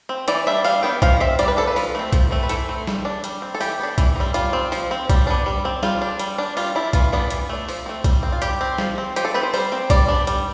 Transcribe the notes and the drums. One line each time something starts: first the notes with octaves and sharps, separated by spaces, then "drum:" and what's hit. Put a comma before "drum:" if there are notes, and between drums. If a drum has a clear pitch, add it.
C4
E3 D5, drum: hi-hat
G3 D4 E5
G3 F5, drum: open hi-hat
B3 D4 G5
F3 F5, drum: kick B1, hi-hat
C4 E5
G3 D5, drum: hi-hat
B4
D4 A4
B4
F3, drum: open hi-hat
A3 C4
F3, drum: kick B1, hi-hat
A3 C4
B4
E3 A4, drum: hi-hat
A3 C4
G3, drum: snare
D4
G3, drum: hi-hat
C4
A4
E3 G4, drum: open hi-hat
B3 D4
E3, drum: kick B1, hi-hat
G3 C4
G3 F4, drum: hi-hat
C4
F3, drum: open hi-hat
C4
G3, drum: kick B1, hi-hat
B3 D4
G3
C4
G3 F4, drum: snare
D4
G3, drum: hi-hat
D4
G3 F4, drum: open hi-hat
D4 E4
E3 F4, drum: kick B1, hi-hat
G3 B3 D4
E3, drum: hi-hat
A3 D4
F3, drum: open hi-hat
A3 C4
G3, drum: kick B1, hi-hat
C4
F4
G3 G4, drum: hi-hat
C4
F3, drum: snare
C4
F3 G4, drum: hi-hat
A4
C4 B4
C5
G3 C5, drum: open hi-hat
C4
G3 D5, drum: kick B1, hi-hat
B3 D4
G3, drum: hi-hat